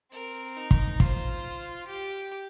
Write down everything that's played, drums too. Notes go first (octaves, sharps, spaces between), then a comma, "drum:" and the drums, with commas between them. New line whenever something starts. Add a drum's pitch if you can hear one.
C4 A#4
D#4
drum: kick
F4 C5, drum: kick
G4